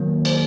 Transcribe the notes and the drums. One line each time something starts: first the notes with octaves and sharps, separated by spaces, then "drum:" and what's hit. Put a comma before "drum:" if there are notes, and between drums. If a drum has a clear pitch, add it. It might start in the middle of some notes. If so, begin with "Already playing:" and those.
Already playing: D#3 F#3 A#3
C5 D5, drum: cymbal